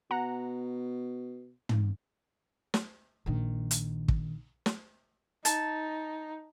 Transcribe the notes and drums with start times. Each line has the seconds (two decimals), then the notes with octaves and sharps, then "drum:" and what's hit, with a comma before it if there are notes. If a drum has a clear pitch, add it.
0.11 B2 F#5 A#5
1.69 drum: tom
2.74 drum: snare
3.26 A#1 D#3
3.71 drum: hi-hat
4.08 drum: kick
4.66 drum: snare
5.45 D#4 A5, drum: hi-hat